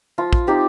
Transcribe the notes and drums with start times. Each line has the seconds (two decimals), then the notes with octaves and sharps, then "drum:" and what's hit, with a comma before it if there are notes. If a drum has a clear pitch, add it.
0.18 F3 F4
0.33 drum: kick
0.47 C4 D#4 G4